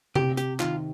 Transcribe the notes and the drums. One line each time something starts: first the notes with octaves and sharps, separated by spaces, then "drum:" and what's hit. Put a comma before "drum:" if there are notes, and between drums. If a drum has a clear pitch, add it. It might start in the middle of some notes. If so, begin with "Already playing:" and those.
C3 G4, drum: tom C3
G4, drum: hi-hat
D#3 F4, drum: clap